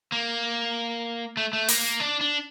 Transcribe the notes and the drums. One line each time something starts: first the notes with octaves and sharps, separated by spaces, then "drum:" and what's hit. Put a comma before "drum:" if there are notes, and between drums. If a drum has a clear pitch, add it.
A#3
A3
A3
A#3, drum: open hi-hat
D4
D4